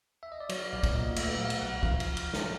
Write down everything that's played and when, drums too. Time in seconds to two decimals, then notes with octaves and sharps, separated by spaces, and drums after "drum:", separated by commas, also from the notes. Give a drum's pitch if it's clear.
0.23 E5
0.32 D#5
0.40 D5
0.49 F#3 C#5, drum: cymbal
0.73 B1 D5
0.83 drum: kick, cymbal
0.94 A#2 D#5
1.16 A3 E5, drum: cymbal
1.38 F#3 F5
1.50 drum: cymbal
1.61 B1 F#5
1.83 F3 F5, drum: kick
2.00 drum: cymbal
2.17 drum: cymbal
2.33 drum: snare